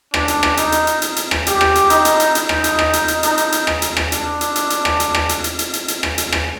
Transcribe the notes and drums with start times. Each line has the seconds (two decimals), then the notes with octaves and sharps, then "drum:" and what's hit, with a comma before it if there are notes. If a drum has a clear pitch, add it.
0.14 D4, drum: rim click
0.28 drum: hi-hat
0.43 drum: rim click
0.57 D#4, drum: hi-hat
0.72 drum: hi-hat
0.87 drum: hi-hat
1.02 drum: hi-hat
1.16 drum: hi-hat
1.31 drum: rim click
1.47 G4, drum: hi-hat
1.61 drum: rim click
1.75 drum: hi-hat
1.90 D#4, drum: hi-hat
2.05 drum: hi-hat
2.20 drum: hi-hat
2.35 D#4, drum: hi-hat
2.49 drum: rim click
2.64 drum: hi-hat
2.79 drum: rim click
2.93 drum: hi-hat
3.08 drum: hi-hat
3.23 D#4, drum: hi-hat
3.38 drum: hi-hat
3.52 drum: hi-hat
3.67 drum: rim click
3.82 drum: hi-hat
3.97 drum: rim click
4.12 D4, drum: hi-hat
4.41 drum: hi-hat
4.56 drum: hi-hat
4.70 drum: hi-hat
4.85 drum: rim click
5.00 drum: hi-hat
5.15 drum: rim click
5.29 drum: hi-hat
5.44 drum: hi-hat
5.59 drum: hi-hat
5.73 drum: hi-hat
5.88 drum: hi-hat
6.03 drum: rim click
6.18 drum: hi-hat
6.32 drum: rim click